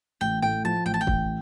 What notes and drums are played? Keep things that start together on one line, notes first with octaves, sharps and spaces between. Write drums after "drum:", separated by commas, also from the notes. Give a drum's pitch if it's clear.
A1 G5
A2 G5
F3 A5
A1 G5
A5
G5
A1, drum: kick